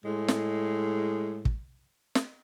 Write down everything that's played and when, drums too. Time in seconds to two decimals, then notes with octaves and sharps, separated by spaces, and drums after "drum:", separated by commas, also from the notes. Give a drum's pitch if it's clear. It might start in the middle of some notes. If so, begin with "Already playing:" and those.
0.05 A2 G#3
0.28 drum: snare
1.45 drum: kick
2.15 drum: snare